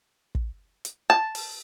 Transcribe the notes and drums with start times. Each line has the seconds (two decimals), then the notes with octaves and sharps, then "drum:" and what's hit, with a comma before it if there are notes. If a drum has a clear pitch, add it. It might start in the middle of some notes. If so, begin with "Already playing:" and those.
0.35 drum: kick
0.85 drum: hi-hat
1.10 A5
1.35 drum: open hi-hat